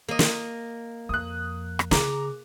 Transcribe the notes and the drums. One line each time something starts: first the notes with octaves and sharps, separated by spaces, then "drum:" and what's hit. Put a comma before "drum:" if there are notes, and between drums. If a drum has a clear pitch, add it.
A#3 D#5
drum: snare
F2 D#6 F#6
drum: rim click
C#3 G#4 A#5 D6, drum: snare